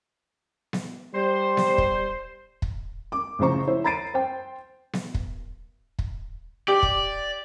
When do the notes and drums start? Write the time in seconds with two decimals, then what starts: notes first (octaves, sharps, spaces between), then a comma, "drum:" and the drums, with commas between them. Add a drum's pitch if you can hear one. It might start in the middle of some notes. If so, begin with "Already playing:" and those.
0.73 drum: snare B3
1.15 G3 C5
1.57 drum: snare B3
1.78 drum: kick
2.62 drum: kick
3.12 D6
3.39 A1 C#3 F3 C5 A#5 C#6
3.67 E4 C5 C#5
3.84 A#5 B5 A6 C7 D7 D#7
4.14 C5 G5
4.93 drum: snare B3
5.14 drum: kick
5.99 drum: kick
6.68 G4 D5
6.83 drum: kick